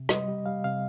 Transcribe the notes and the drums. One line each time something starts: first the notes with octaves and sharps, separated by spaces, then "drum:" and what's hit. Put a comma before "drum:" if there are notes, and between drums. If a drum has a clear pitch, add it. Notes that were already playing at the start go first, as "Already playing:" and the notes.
Already playing: C3
G3 D#5, drum: rim click
G3
G3 F5
C3 F5